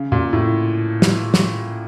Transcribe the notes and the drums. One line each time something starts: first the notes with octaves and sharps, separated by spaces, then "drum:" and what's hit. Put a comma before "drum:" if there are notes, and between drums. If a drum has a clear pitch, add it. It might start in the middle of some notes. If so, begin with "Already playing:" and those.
Already playing: C#3
A#2
A2
drum: snare
drum: snare